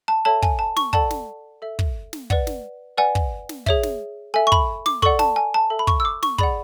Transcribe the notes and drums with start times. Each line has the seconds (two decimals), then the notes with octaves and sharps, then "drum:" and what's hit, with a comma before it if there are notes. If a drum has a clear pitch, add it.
0.08 A5
0.25 A4 C#5 E5 A5
0.42 G#5, drum: kick
0.59 A5
0.77 C#6, drum: snare
0.93 A4 D5 F#5 A5, drum: kick
1.11 drum: snare
1.62 A4 E5
1.79 drum: kick
2.13 drum: snare
2.30 B4 D5 F#5, drum: kick
2.47 drum: snare
2.98 B4 D5 F#5 G#5
3.15 drum: kick
3.49 drum: snare
3.66 G#4 C#5 E5, drum: kick
3.83 drum: snare
4.34 A4 E5 G#5
4.47 C#6
4.52 B5, drum: kick
4.86 D6, drum: snare
5.02 A4 D5 F#5 C#6, drum: kick
5.19 A5, drum: snare
5.36 G#5
5.54 A5
5.70 A4 E5
5.79 B5
5.87 C#6, drum: kick
6.00 E6
6.05 D6
6.23 C#6, drum: snare
6.38 G#4 D5 F#5 B5, drum: kick